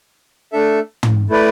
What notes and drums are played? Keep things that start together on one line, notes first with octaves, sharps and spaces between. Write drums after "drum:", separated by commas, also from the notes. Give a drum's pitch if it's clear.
A3 D4 A4 E5
drum: tom
A3 E4 B4 D5